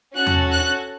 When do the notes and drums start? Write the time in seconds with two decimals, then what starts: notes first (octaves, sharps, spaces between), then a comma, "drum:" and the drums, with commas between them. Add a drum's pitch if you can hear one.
0.15 C#4 F#4 A4 F#6
0.26 drum: tom E2
0.53 F#6